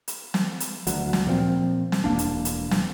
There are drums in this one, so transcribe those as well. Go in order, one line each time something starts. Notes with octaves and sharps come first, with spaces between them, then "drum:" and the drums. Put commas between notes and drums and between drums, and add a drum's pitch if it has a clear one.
drum: hi-hat
drum: snare
drum: hi-hat
D2 F#3, drum: hi-hat
drum: snare
A#2 F3 C4
drum: snare
E1 F#2 A#3 D4
drum: hi-hat
drum: hi-hat
drum: snare